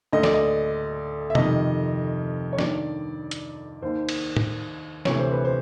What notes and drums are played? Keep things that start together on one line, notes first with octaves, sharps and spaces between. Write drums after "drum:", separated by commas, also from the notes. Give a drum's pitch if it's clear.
D2 D3 D#5
D5, drum: snare
D#5
E5
F2 C3 D#3 D#5, drum: tom B2
C#5
G2 D#3 D5, drum: snare
drum: hi-hat
D#2 D#3 C5
drum: cymbal
drum: tom
D2 C3 E3 C#5, drum: snare
C5
B4
C5